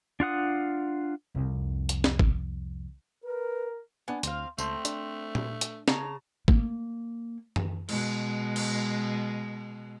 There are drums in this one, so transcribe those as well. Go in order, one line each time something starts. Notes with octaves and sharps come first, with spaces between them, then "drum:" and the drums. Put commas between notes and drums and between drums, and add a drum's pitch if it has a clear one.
D4 F4 F#5 D#6
C2 F2
drum: hi-hat
drum: snare
drum: kick G#1
A#4 B4
B3 D4 G#5
D2 C4 F5, drum: hi-hat
C#2 A3 C4 A5 C6, drum: tambourine
D4, drum: hi-hat
drum: tom A#2
drum: hi-hat
C#3 A5 A#5, drum: snare
A#3, drum: kick G#1
drum: tom F#2
B2 G#3, drum: cymbal
drum: cymbal